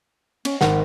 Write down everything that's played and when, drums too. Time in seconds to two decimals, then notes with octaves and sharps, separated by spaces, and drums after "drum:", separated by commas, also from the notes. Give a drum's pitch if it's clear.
0.45 C#4, drum: cymbal
0.61 G#1 A#4 F#5 B6, drum: snare